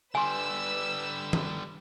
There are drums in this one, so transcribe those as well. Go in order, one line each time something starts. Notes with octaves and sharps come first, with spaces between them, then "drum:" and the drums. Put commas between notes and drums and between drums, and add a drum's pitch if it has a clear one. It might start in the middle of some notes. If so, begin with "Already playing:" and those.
D3 G3 B4 G#5 C6 E6
drum: tom D#3